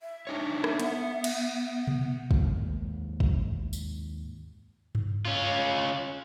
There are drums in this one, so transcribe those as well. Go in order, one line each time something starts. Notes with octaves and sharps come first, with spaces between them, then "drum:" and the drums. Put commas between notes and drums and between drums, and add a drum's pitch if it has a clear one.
E5
D4 D#4 C#5
drum: rim click
B3, drum: hi-hat
drum: cymbal
drum: tom B2
D#2 G#2 A#3, drum: kick
drum: kick
drum: tambourine
drum: tom G2
C#4 F4